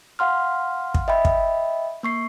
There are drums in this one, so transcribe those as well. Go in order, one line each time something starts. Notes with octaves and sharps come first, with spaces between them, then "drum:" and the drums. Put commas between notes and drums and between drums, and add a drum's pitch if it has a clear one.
F5 F#5 C6 F6
drum: kick
D#5 E5 G5 B5
drum: kick
A#3 C#6 C7